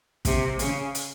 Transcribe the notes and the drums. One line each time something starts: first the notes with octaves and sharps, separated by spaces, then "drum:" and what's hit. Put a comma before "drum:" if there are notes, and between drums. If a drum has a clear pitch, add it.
C3, drum: kick, hi-hat
C#3, drum: hi-hat
drum: hi-hat